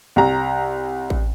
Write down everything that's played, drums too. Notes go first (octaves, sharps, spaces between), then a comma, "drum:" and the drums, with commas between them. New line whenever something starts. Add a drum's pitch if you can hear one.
C2 A#5
drum: kick A1